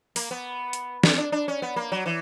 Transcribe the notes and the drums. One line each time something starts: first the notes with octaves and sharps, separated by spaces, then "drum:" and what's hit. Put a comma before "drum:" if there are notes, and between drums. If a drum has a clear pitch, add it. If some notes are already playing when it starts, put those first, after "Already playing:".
A#3, drum: open hi-hat
B3
drum: hi-hat
D4, drum: snare
D4
D4
C#4
B3
A#3
F#3
E3